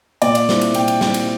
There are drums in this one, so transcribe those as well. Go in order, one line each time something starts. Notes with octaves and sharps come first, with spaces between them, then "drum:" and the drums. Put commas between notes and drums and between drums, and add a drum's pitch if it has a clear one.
A#2 D5, drum: cymbal
drum: cymbal
G3 C4 E4, drum: snare
drum: cymbal
A#2 G5, drum: cymbal
drum: cymbal
G3 C4 E4, drum: snare
drum: cymbal